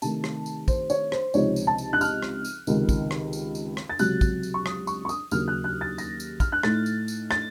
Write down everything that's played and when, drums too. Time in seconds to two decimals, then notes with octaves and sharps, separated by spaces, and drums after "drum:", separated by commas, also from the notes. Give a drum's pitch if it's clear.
0.02 C3 D#3 A3 A5, drum: tambourine
0.24 drum: rim click
0.46 drum: tambourine
0.68 C5, drum: kick, tambourine
0.90 C#5, drum: tambourine
1.12 C5, drum: rim click
1.34 C#2 C3 F3 C4 D#4 C#5, drum: tambourine
1.56 drum: tambourine
1.67 A5
1.78 drum: tambourine
1.93 F#6
2.01 F6, drum: tambourine
2.23 drum: rim click
2.45 drum: tambourine
2.67 C#2 C3 D#3, drum: tambourine
2.89 drum: kick, tambourine
3.11 drum: rim click
3.33 drum: tambourine
3.55 drum: tambourine
3.77 drum: rim click
3.89 A6
3.99 C#2 C3 F#3 F#6, drum: tambourine
4.21 drum: kick, tambourine
4.43 drum: tambourine
4.54 C#6
4.66 D#6, drum: rim click
4.87 C#6, drum: tambourine
5.05 C#6
5.09 D#6, drum: tambourine
5.31 D#2 C#3 F#3 A#3 F6, drum: tambourine
5.48 F#6
5.64 F#6
5.81 A6
5.98 A#6, drum: tambourine
6.20 drum: tambourine
6.40 F6, drum: kick, tambourine
6.52 F#6
6.63 A2 A3 D#4 A6, drum: rim click
6.86 drum: tambourine
7.08 drum: tambourine
7.31 A6, drum: rim click